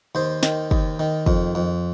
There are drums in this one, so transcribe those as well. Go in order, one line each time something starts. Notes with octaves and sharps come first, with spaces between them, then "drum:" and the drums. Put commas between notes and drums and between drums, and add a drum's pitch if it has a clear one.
D#2 C5
D#3, drum: snare
D#2, drum: kick
D#3
F2, drum: kick
F2